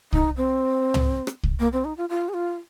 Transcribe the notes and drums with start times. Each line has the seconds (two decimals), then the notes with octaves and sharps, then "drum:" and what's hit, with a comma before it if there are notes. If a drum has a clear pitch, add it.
0.13 D#4, drum: kick C2
0.37 C4
0.94 drum: tom
1.27 drum: rim click
1.43 drum: kick C2
1.59 A#3
1.73 C4
1.85 D#4
1.97 F4
2.09 F4
2.29 G#4
2.34 F4